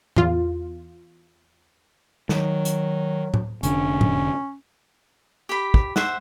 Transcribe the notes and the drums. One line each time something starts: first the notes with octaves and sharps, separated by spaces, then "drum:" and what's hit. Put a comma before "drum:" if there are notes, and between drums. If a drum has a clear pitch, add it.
E2 F4, drum: tom A2
D#3 F#3, drum: snare
drum: hi-hat
drum: tom A2
F1 D3 C#4 D4, drum: hi-hat
drum: tom A2
G4 B5
drum: kick
C5 E5 F#5, drum: snare